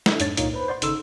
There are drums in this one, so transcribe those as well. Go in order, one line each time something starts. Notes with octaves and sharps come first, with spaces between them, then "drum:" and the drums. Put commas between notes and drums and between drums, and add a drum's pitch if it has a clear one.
D4 E4 A4 E5, drum: snare
F2 G#2 D4 C#5 A6, drum: hi-hat
C#2 A#2 A#3 D#4 C#5, drum: hi-hat
B4 C5 B5
C5 D5 F#5 C6
G#1 C#3 D#4 A4 C6 E6, drum: hi-hat